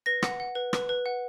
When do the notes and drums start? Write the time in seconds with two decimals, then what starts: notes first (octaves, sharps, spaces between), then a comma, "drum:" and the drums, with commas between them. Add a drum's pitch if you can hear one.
0.06 B4 A#6
0.23 F#5, drum: rim click
0.40 F#5
0.55 B4
0.73 B4, drum: rim click
0.89 B4
1.06 F#5